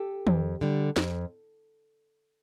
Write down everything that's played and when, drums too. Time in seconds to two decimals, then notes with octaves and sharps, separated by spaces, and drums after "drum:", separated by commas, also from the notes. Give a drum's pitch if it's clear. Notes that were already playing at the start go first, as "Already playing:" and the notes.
Already playing: G4 A4
0.27 F2, drum: tom D#3
0.61 D3 G3
0.96 F2, drum: snare